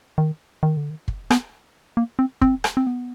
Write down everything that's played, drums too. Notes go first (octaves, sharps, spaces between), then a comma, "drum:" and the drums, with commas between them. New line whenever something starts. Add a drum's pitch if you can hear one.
D#3
D#3
D3
D#3
drum: kick
B3, drum: rim click
A#3
C4
C4, drum: kick
drum: rim click
C4
B3